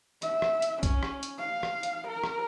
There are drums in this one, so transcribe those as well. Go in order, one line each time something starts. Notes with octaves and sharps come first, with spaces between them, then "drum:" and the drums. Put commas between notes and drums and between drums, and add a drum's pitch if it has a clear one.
E5, drum: hi-hat
drum: rim click
drum: hi-hat
C#4, drum: kick B1, hi-hat
drum: rim click
drum: hi-hat
F5
drum: rim click
drum: hi-hat
A#4
drum: rim click